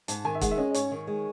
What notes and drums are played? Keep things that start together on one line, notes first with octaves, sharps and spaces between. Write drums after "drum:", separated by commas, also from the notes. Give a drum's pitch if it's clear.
G#2 A5, drum: hi-hat
D#3 G#5
E5
G#3 F#5, drum: kick, hi-hat
E5
C#4 D#5
D#5
G#2 C#5, drum: hi-hat
D#3
G#3